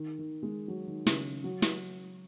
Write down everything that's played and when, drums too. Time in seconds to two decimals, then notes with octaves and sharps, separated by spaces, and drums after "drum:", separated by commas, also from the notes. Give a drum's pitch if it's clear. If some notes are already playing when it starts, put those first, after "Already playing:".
Already playing: D#3
0.19 D#3
0.43 G#3
0.68 F#3
0.87 D#3
1.07 C#3, drum: snare
1.44 F#3
1.62 drum: snare